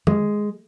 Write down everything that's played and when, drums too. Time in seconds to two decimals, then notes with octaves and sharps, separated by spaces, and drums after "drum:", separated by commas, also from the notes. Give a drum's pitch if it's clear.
0.07 G#3, drum: tom